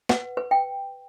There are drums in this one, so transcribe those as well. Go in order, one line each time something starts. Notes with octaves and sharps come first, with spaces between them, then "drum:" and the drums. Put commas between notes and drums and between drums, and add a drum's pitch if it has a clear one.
B4 F#5, drum: snare
B4
G5